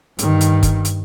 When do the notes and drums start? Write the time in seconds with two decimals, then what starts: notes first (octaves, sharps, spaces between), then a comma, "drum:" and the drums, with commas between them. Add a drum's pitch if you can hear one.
0.19 G2 D#3, drum: hi-hat
0.41 drum: hi-hat
0.63 drum: kick, hi-hat
0.85 drum: hi-hat